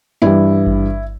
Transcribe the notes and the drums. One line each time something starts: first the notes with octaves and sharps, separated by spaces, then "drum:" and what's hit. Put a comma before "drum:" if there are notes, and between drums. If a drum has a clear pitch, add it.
G2 E3 G3 E4
drum: kick G#1